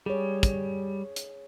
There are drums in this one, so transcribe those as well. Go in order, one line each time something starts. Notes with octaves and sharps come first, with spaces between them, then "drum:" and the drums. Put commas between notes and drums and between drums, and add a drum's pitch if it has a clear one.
G3 G#4 C#5
drum: kick, hi-hat
drum: hi-hat